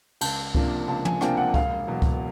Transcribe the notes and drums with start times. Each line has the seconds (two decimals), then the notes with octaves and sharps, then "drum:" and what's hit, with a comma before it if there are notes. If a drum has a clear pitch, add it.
0.21 C#2 A5, drum: cymbal
0.55 C3 F3 A#3 D4, drum: kick C#2
0.88 C#2 A5
1.05 G#5, drum: tom
1.21 C3 F3 A#3 D4 G5, drum: rim click
1.37 F#5
1.54 E1 F5, drum: kick C#2
1.87 E2 B2 F#3
2.02 drum: kick C#2